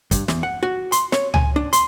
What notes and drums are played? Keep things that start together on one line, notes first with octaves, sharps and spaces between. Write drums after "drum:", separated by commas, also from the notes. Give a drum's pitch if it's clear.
G2, drum: kick, hi-hat
E2, drum: snare
F#5
F#4
C6, drum: hi-hat
C#5, drum: snare
G#5, drum: tom C#2
D4
C6, drum: hi-hat